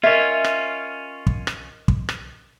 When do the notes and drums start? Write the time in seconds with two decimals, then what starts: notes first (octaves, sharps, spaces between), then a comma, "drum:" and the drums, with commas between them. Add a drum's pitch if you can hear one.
0.03 C#4 F4 A#4 D#5 E5 G#6
0.44 drum: rim click
1.27 drum: kick
1.47 drum: rim click
1.88 drum: kick
2.09 drum: rim click